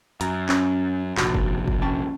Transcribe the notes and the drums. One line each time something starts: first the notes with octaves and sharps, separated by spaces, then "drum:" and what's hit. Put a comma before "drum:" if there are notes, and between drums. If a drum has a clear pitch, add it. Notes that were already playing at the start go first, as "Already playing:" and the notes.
F#2 A#5, drum: hi-hat
C#4, drum: clap
F1 A#1 F#4, drum: clap
drum: kick F#1
drum: kick F#1
C#4 G5 A5